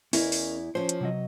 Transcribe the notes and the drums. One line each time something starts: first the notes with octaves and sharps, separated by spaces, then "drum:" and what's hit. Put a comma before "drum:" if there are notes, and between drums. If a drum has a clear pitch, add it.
E2 C#4 E4 A#4 D#5, drum: open hi-hat
drum: open hi-hat
F3 C#4 C5
drum: hi-hat
C3 F#3 D#5